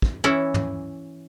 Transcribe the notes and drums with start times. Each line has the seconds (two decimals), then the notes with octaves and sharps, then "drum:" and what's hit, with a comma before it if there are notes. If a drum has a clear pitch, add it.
0.02 drum: kick
0.24 E3 C#4 E4
0.54 drum: tom